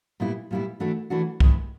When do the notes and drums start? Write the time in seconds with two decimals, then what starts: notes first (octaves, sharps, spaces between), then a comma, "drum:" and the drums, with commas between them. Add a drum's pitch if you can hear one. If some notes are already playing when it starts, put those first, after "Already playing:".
0.20 A#2 G3 B3 E4
0.51 A#2 G3 B3 E4
0.80 E3 A3 D4 F#4
1.10 E3 A3 D4 F#4
1.40 G#2 D#3 G#3 B3 E4, drum: kick C2